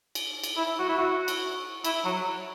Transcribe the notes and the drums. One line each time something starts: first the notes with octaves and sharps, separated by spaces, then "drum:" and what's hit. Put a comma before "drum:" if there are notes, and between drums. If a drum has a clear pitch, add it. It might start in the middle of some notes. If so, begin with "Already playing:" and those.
drum: cymbal
drum: cymbal
E4
F#4
E4
F#4
drum: cymbal
E4, drum: cymbal
F#3